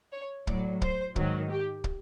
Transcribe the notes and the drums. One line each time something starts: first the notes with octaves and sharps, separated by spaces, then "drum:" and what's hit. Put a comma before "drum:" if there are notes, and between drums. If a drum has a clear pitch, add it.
C#5
A2 F#3 D5, drum: kick
C5, drum: kick
G#2 D#3 F#3, drum: kick
G4
drum: kick